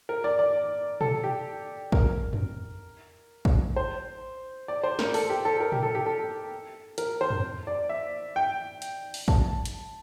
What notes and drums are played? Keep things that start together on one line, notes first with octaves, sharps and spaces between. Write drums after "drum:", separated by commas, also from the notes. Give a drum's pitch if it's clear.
A#4
D5
D5
A4, drum: tom A#2
G4
A#4, drum: kick
drum: tom
drum: kick
C5
D5
C5
A#4, drum: snare
A4, drum: open hi-hat
G4
A4
A#4
G4, drum: tom
A4
G4
A4
A#4, drum: hi-hat
C5
drum: tom
D5
E5
G5
drum: hi-hat
drum: open hi-hat
A5, drum: kick
drum: hi-hat